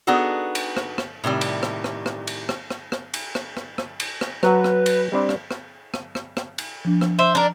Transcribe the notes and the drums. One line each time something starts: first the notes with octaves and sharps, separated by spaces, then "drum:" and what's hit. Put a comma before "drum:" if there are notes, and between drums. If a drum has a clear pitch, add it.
B3 D4 D#4 F#4 G#4 A4
drum: cymbal
drum: rim click
drum: rim click
A2 C3 D#3 G3
drum: cymbal
drum: rim click
drum: rim click
drum: rim click
drum: cymbal
drum: rim click
drum: rim click
drum: rim click
drum: cymbal
drum: rim click
drum: rim click
drum: rim click
drum: cymbal
drum: rim click
F#3 F#4 B4, drum: rim click
drum: rim click
drum: cymbal
G3 C4 D4
drum: rim click
drum: rim click
drum: rim click
drum: rim click
drum: rim click
drum: cymbal
F3 D4
drum: rim click
C5 E5
D4 A#4